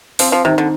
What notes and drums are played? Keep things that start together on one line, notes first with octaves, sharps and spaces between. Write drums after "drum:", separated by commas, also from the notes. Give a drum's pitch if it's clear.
F3 C4, drum: open hi-hat
F3
C3 D#3
D3